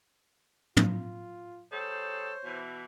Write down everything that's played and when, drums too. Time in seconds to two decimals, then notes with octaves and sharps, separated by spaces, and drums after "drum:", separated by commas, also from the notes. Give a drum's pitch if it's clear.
0.77 F4, drum: tom
1.72 G3 G#4 A4 C5 C#5
2.45 B2 E3